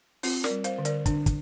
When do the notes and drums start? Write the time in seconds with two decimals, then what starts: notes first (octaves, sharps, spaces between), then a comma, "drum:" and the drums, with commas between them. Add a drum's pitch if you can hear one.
0.23 C4 F4, drum: open hi-hat
0.44 A#4 D5, drum: snare
0.50 G3
0.64 C5 F5, drum: hi-hat
0.78 D3
0.85 A#4 D5, drum: hi-hat
1.06 D3 D4, drum: kick, hi-hat
1.26 drum: kick, hi-hat